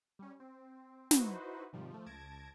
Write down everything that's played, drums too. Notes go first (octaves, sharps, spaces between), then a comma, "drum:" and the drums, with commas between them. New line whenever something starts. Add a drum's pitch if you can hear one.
G3 C#4
C4
D#4 E4 F#4 B4 C5, drum: snare
G#2 C3 D#3 F3 G3
F3 A3
C#2 A5 G#6 A#6 D7